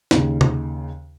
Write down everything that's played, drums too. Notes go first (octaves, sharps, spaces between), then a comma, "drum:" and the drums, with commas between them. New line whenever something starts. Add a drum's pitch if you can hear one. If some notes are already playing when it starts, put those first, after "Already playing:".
D#2 C#3, drum: snare
drum: tom